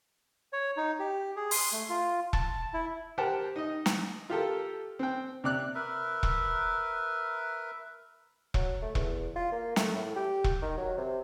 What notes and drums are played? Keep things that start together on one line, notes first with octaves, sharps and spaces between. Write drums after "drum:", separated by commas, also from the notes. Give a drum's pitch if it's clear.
C#5
D#4
G4
G#4
C6, drum: open hi-hat
A3
F4
A5, drum: kick E1
E4
G4 A#4 C5 F#5 G5 A5
D#4 D#5
drum: snare
F4 G4 A4 A#4
C4 G5
C3 D5 F#6
A#4 B4 E5
drum: kick E1
F#3, drum: kick E1
A3
E2, drum: kick E1
F4
A#3
A3, drum: snare
A2
G4
drum: kick E1
D#3
F#3
C3